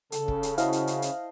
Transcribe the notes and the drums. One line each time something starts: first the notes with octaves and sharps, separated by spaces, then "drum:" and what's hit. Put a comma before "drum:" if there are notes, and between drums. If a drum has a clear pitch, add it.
C#3 A4, drum: hi-hat
drum: kick
drum: hi-hat
E4 F#4 C5 D#5 F5 A5, drum: hi-hat
drum: hi-hat
drum: hi-hat
drum: hi-hat